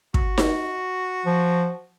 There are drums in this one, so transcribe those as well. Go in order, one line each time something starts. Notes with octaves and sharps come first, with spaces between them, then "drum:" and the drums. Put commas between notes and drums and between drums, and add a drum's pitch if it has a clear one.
F#4, drum: kick
drum: snare D#4
F3